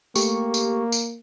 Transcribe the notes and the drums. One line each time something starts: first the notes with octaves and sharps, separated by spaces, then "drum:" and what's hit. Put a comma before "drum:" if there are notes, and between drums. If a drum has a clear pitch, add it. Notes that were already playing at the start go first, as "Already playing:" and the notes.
A3 A#3 G4 C#6, drum: tambourine
drum: tambourine
drum: tambourine